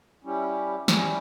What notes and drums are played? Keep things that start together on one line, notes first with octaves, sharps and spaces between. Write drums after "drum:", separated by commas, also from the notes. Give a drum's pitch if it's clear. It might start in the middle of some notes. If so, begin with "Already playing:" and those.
G3 C#4 E4 G4
G3 C#4 E4 G4, drum: snare